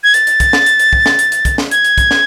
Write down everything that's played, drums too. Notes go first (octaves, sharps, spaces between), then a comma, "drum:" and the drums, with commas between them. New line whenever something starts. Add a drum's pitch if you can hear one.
G#6
A6, drum: hi-hat
drum: hi-hat
drum: kick, hi-hat
drum: snare
drum: hi-hat
drum: hi-hat
drum: kick
drum: snare
drum: hi-hat
drum: hi-hat
drum: kick, hi-hat
drum: snare
G#6, drum: hi-hat
drum: hi-hat
drum: kick, hi-hat
drum: snare